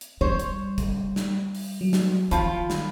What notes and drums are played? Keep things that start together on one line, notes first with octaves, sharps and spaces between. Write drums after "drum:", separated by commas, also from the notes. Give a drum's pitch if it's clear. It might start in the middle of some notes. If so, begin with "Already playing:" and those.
drum: hi-hat
G3 C5 C#5
drum: hi-hat
drum: kick, hi-hat
drum: snare
drum: open hi-hat
F#3
drum: snare
D#3 F3 F4 B5, drum: hi-hat
drum: snare